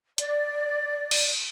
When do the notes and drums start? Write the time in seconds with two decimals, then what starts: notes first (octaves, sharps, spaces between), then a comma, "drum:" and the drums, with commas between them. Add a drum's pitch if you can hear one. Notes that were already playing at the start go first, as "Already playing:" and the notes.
0.18 D5, drum: hi-hat
1.11 drum: cymbal